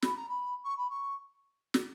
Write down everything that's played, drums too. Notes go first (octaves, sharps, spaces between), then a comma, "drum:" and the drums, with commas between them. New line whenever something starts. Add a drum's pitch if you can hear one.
B5, drum: snare
A#5
B5
C#6
B5
C#6
drum: snare